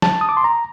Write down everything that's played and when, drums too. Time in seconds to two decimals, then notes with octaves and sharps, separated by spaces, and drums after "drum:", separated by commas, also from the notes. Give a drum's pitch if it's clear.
0.02 A5, drum: snare
0.21 D#6
0.29 D6
0.37 C6
0.44 A#5